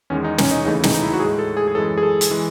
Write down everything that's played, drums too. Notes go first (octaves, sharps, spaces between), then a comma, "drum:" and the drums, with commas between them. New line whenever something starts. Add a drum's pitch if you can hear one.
E2 D#3 G#3 C#4
D#4
C#4, drum: snare
D#4
D#2 C#3 E3 A3 D#4
D#4, drum: snare
D#4
E4
F#4
A2 G#3 G#4
A4
G#4
G#4
F#2 E3 G#3 A4
G#4
A4
drum: hi-hat
E3 G#3